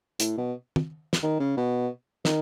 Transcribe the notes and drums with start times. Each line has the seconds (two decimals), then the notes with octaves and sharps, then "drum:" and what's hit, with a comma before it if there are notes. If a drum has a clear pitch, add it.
0.20 A2, drum: hi-hat
0.38 B2
0.76 drum: tom
1.13 drum: snare
1.23 D#3
1.40 C#3
1.57 B2
2.25 D#3, drum: snare